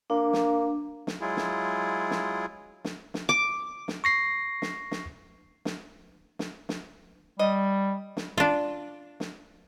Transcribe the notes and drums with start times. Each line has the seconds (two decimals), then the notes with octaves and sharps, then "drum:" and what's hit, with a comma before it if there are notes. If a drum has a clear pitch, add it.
0.10 A#3 D4
0.33 drum: snare
1.07 drum: snare
1.21 F#3 G#3 E4 F4 G#4
1.37 drum: snare
2.11 drum: snare
2.84 drum: snare
3.14 drum: snare
3.29 D6
3.88 drum: snare
4.04 C#6 A#6 C7
4.62 drum: snare
4.91 drum: snare
5.65 drum: snare
6.39 drum: snare
6.69 drum: snare
7.39 G3 D#5
8.17 drum: snare
8.38 D4 F4
9.20 drum: snare